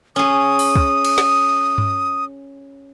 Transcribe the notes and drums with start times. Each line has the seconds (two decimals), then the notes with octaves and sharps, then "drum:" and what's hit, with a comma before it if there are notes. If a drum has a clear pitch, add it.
0.16 C#4 G#4 D#6
0.59 drum: open hi-hat
0.75 drum: kick
1.05 drum: cymbal
1.18 drum: snare
1.78 drum: tom G2